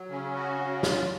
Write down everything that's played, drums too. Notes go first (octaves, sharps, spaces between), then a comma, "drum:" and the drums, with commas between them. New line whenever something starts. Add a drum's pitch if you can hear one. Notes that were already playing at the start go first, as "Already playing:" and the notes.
Already playing: F#3
C#3 C#4
F#4
C#4
F4, drum: snare